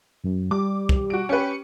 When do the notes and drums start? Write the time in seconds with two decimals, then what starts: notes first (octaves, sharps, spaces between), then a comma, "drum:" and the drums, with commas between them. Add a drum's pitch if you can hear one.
0.24 F#2
0.51 G3 D6
0.89 drum: kick C2
1.10 F#4 D7
1.29 C#4 G4 B4 C#7